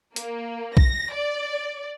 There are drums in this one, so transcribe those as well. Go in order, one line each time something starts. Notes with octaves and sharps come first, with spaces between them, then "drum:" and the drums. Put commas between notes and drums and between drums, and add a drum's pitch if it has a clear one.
A#3, drum: hi-hat
A#6, drum: kick B1
D5